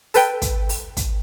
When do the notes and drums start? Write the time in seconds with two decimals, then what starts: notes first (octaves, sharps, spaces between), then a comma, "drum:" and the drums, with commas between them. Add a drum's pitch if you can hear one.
0.14 A4 B4 G5, drum: open hi-hat
0.42 drum: kick, hi-hat
0.69 drum: open hi-hat
0.97 drum: kick, hi-hat